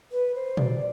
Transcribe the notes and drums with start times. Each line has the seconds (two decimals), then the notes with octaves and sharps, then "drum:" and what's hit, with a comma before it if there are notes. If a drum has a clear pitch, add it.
0.12 B4
0.35 C5
0.57 D5, drum: tom A#2